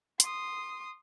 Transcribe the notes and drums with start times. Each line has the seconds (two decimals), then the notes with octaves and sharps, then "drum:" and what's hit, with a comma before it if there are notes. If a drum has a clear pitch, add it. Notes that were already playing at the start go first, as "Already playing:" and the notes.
0.20 C6 D#6, drum: hi-hat